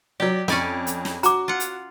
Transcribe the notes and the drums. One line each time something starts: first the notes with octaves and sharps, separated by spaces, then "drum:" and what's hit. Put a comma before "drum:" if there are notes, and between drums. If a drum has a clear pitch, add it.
F#3 G4 D5
F2 C#4 D5 G#5, drum: snare
drum: hi-hat
drum: snare
F#4 A#5 D6, drum: hi-hat
F4 F#5
drum: hi-hat